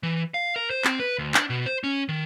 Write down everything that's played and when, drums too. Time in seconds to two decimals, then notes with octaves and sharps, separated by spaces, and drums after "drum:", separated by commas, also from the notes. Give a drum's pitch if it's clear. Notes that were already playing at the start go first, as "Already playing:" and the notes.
0.03 E3
0.34 F5
0.56 A#4
0.70 C5
0.84 C4, drum: clap
0.99 B4
1.18 D2
1.34 D4, drum: clap
1.50 B2
1.66 C5
1.84 C#4
2.09 D#3